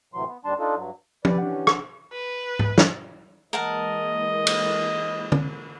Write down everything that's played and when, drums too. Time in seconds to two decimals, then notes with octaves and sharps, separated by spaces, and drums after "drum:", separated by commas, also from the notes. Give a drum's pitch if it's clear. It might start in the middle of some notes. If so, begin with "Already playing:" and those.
0.14 A2 C3 E3 F#3 C6
0.27 B3
0.45 D#2 D#3 G3 D4 A5 C6
0.59 D4 D#4 F4 A4
0.76 G2 F#3
1.25 E3 G4 B4 D5, drum: tom
1.38 E3 C#4 D4 F#5
1.67 drum: rim click
2.12 B4
2.59 drum: tom G#2
2.78 drum: snare
3.53 E3 G#3 A#3 A#4 D#5 F#5 A5
4.47 drum: cymbal
5.32 drum: tom